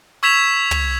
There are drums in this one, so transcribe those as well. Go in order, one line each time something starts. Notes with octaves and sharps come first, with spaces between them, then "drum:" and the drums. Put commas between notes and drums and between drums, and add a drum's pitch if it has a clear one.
C#6 E6 G#6 B6 E7 F7
drum: tom